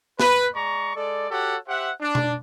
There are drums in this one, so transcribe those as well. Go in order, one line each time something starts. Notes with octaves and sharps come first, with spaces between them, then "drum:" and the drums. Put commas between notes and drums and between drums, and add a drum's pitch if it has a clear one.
B4, drum: snare
G#3 D5 A#5 C#6
G#3 A4 D5
F#4 G4 A4 C#5 F#5
G4 C5 E5 F#5
D4
drum: tom B2